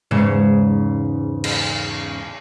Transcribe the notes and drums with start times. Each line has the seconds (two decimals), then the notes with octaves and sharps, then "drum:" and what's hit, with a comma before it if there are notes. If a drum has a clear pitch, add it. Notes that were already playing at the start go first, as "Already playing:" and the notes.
0.11 E2 G#2 C#3
1.44 drum: cymbal